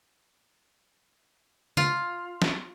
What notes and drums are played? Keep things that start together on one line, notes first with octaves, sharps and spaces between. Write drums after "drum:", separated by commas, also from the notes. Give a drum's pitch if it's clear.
F4, drum: tom C#3
drum: snare